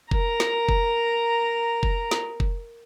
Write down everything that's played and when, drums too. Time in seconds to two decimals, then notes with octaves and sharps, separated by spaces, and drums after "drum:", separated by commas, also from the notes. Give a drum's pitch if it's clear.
0.11 A#4 A#5, drum: kick F1
0.40 drum: snare
0.69 drum: kick F1
1.83 drum: kick F1
2.11 drum: snare
2.40 drum: kick F1